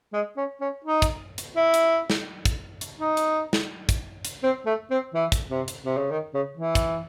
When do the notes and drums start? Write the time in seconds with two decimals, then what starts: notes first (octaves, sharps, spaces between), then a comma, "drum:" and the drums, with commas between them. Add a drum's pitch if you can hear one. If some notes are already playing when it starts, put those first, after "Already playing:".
0.13 G#3
0.37 C#4
0.61 C#4
0.84 D#4
1.02 drum: kick, hi-hat
1.38 drum: hi-hat
1.56 E4
1.74 drum: hi-hat
2.10 drum: snare
2.45 drum: kick, hi-hat
2.81 drum: hi-hat
2.99 D#4
3.17 drum: hi-hat
3.53 drum: snare
3.89 drum: kick, hi-hat
4.25 drum: hi-hat
4.43 C4
4.66 A3
4.90 C4
5.14 E3
5.32 drum: kick, hi-hat
5.50 C3
5.68 drum: hi-hat
5.85 C3
5.97 C#3
6.10 D#3
6.34 C#3
6.57 E3
6.75 drum: kick, hi-hat